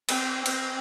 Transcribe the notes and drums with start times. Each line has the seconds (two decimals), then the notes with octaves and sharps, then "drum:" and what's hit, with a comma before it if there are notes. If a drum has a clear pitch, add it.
0.09 C4, drum: cymbal
0.46 C4, drum: cymbal